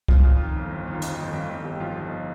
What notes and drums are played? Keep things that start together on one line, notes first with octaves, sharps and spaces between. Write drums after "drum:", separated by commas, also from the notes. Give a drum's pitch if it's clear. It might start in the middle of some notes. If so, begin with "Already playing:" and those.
F2 F4, drum: kick C2
F2 F4
D#3
G1
G1
D#3
F4
F2 D#4, drum: hi-hat
F4
G1 C4
G1 C4
G1 D#4
G1 G4
F3 F4
G1 D#4